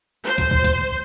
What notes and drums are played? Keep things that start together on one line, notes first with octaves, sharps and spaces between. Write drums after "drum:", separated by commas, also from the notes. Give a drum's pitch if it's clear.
C5
drum: kick, hi-hat
drum: kick
drum: kick, hi-hat